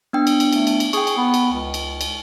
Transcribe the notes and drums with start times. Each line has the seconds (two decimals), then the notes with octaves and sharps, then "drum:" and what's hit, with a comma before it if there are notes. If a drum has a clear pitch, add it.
0.13 B3 D4 G5
0.27 drum: cymbal
0.40 drum: cymbal
0.53 A3, drum: cymbal
0.67 drum: cymbal
0.80 drum: cymbal
0.93 G#4 G5 C#6, drum: cymbal
1.07 drum: cymbal
1.17 B3
1.34 drum: cymbal
1.52 C#2
1.74 drum: cymbal
2.01 drum: cymbal